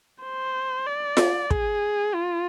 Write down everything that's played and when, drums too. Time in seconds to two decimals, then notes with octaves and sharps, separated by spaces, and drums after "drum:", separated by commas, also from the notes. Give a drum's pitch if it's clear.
0.24 C5
0.87 D5
1.17 drum: snare F4
1.51 G#4, drum: kick
2.15 F4